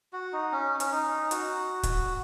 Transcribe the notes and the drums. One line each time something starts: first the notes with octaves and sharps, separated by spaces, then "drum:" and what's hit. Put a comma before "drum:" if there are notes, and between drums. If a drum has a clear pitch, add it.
F#4
D#4
C#4
C#4, drum: hi-hat
D#4
F#4, drum: hi-hat
drum: kick, hi-hat